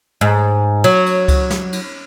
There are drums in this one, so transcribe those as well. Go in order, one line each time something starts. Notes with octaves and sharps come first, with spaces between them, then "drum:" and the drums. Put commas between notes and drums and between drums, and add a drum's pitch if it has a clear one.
G#2
F#3, drum: cymbal
drum: cymbal
drum: kick C#2, cymbal
drum: snare
drum: cymbal